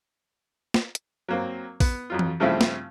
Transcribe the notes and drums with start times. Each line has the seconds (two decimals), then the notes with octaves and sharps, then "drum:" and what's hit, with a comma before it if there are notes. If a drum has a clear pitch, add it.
0.74 drum: snare
0.95 drum: hi-hat
1.28 F#3 A#3 C4
1.80 B3, drum: kick, open hi-hat
2.10 F2 F#3 F4
2.19 drum: tom E3
2.40 G2 C#3 F3 A3 C4 E4
2.61 drum: snare